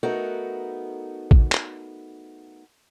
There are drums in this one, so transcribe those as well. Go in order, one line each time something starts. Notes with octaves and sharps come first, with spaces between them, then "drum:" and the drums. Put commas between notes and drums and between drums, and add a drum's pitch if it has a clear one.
A3 B3 D#4 F#4 A4 A#4
drum: kick
drum: clap